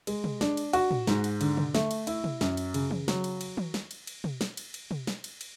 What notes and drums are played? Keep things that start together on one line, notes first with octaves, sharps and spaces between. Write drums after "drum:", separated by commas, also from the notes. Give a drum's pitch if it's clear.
G#3, drum: cymbal
drum: tom
D4, drum: snare
drum: cymbal
F#4, drum: cymbal
drum: tom
G#2, drum: snare
drum: cymbal
D3, drum: cymbal
drum: tom
A3, drum: snare
drum: cymbal
E4, drum: cymbal
drum: tom
F#2, drum: snare
drum: cymbal
C#3, drum: cymbal
drum: tom
F#3, drum: snare
drum: cymbal
drum: cymbal
drum: tom
drum: snare
drum: cymbal
drum: cymbal
drum: tom
drum: snare
drum: cymbal
drum: cymbal
drum: tom
drum: snare
drum: cymbal
drum: cymbal